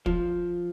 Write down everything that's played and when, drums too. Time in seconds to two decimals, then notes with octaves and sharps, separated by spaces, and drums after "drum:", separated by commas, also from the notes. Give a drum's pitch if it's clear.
0.06 F3, drum: kick